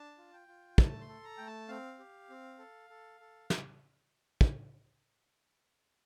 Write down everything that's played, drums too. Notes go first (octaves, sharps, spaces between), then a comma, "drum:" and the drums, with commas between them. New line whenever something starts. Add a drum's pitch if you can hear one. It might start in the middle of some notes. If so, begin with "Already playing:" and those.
Already playing: D4 A5
F4
G5
F4
A3 A5, drum: kick
C6
A4
A#5
A3 G5
A5
C4 F5
G4
C4
A4
A4
A4
drum: snare
drum: kick